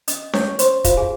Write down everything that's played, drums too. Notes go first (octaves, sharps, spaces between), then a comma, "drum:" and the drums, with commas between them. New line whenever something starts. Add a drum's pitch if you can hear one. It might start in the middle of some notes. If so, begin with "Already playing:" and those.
C#4 D#5 D#6, drum: hi-hat
C#4 C#5 C#6, drum: snare C#4
C#4 C5 C6, drum: hi-hat
F4 C5 F5, drum: kick, hi-hat
G#4 G#5